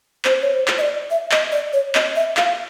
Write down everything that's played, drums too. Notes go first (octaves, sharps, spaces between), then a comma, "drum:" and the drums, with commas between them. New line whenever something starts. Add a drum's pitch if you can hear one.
C5, drum: clap
C#5
C5
drum: clap
D#5
D5
E5
D#5, drum: clap
D5
C#5
D#5, drum: clap
E5
F5, drum: clap